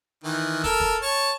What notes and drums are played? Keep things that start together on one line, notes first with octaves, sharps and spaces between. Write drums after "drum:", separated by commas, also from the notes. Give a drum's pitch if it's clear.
D#3 E3
A4 A#4 E6, drum: kick
drum: kick
C#5 A5 C#6